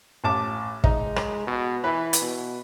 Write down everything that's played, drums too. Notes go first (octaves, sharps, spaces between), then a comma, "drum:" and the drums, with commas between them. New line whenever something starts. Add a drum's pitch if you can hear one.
A1 A5 D6
G#3 D#4, drum: kick
drum: rim click
B2
E3 B4
drum: hi-hat
B2